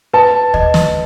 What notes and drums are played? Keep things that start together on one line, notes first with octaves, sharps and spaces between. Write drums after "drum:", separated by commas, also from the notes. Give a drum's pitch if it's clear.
B4 A5
D#5, drum: kick
drum: snare